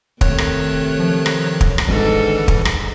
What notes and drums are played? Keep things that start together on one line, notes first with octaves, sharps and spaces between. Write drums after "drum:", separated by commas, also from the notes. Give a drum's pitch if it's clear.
C3 D#3 A3 C#5 F#6, drum: kick
drum: rim click
F3
drum: rim click
drum: kick
drum: rim click
G#1 G#2 D3 E3 G3 A4
drum: kick
drum: rim click